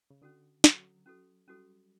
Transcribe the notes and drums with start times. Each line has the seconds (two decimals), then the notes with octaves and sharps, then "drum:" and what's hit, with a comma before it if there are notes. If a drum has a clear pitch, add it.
0.10 C#3
0.22 D3 C#4 F#4 A4
0.64 F#3 C#4 F#4 A4, drum: snare
1.06 C#4 F#4 A4
1.48 G3 C#4 F#4 A4